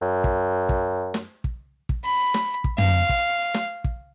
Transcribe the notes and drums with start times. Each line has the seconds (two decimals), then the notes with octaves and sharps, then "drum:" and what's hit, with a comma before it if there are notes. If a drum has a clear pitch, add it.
0.02 F#2
0.24 drum: kick
0.69 drum: kick
1.14 drum: snare
1.44 drum: kick
1.89 drum: kick
2.04 B5
2.34 drum: snare
2.64 drum: kick
2.78 F5, drum: tom
3.09 drum: kick
3.54 drum: snare
3.84 drum: kick